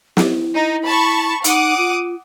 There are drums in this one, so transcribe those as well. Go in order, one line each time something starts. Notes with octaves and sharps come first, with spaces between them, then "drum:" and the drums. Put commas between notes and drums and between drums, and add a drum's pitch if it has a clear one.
E4, drum: snare
D#4
A5 B5 C#6
D#4 F#5 D6 D#6, drum: hi-hat
F4